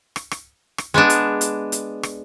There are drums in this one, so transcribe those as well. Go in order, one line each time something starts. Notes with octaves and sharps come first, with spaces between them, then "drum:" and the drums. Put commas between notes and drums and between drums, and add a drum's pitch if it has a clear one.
drum: rim click
drum: rim click
drum: rim click
G#3 B3 D4
drum: hi-hat
drum: hi-hat
drum: hi-hat
drum: rim click